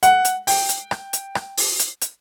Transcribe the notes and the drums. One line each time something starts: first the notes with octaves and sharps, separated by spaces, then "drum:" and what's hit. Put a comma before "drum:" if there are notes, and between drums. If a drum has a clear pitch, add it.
F#5, drum: hi-hat
drum: hi-hat
G5, drum: open hi-hat
drum: hi-hat
drum: rim click
drum: hi-hat
drum: rim click
drum: open hi-hat
drum: hi-hat
drum: hi-hat